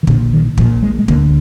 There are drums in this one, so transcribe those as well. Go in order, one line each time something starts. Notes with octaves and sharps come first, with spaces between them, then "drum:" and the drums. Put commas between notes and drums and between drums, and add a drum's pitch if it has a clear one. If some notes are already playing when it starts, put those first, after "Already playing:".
D#3
A#1 A#2 D3, drum: kick
D#3
A#1 A#2 F3, drum: kick
G#3
G#3
D2 D3 A#3, drum: kick